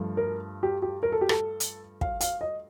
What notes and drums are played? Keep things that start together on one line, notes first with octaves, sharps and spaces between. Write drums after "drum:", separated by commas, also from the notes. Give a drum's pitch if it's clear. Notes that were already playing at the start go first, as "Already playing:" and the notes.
Already playing: G2 F3 A3
A#4
G4
G4
A#4
A4
G4
A4, drum: rim click
drum: hi-hat
F5, drum: kick
F5, drum: hi-hat
D#5